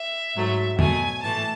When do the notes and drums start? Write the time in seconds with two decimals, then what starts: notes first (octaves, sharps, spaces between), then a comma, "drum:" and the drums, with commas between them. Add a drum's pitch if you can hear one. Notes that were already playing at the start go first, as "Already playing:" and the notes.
Already playing: E5
0.35 G#2 F#3 A3
0.79 B2 F#3 A3 G#5, drum: tom
1.23 A2 E3 A3 A5